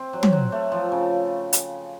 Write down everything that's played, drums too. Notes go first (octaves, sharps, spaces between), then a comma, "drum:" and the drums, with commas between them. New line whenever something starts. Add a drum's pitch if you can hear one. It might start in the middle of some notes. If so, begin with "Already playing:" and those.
Already playing: C4
F#3
drum: tom
F#3
A3
F3
C#3
drum: hi-hat